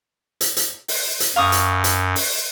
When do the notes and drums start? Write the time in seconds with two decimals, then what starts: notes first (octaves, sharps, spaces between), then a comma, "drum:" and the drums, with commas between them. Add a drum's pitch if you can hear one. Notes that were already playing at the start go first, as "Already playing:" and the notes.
0.41 drum: hi-hat
0.57 drum: hi-hat
0.88 drum: open hi-hat
1.20 drum: hi-hat
1.36 F#2 F5 C#6 D#6
1.52 drum: hi-hat
1.84 drum: hi-hat
2.16 drum: open hi-hat